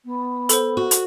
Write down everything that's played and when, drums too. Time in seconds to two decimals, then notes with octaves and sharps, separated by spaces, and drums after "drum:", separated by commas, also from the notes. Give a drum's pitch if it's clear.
0.04 B3
0.49 A4 C5, drum: hi-hat
0.77 F#4
0.91 drum: hi-hat